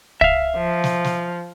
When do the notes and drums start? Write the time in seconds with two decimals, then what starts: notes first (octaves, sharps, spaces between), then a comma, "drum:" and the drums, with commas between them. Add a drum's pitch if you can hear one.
0.21 E5 F5, drum: kick
0.57 F3
0.84 drum: snare
1.05 drum: snare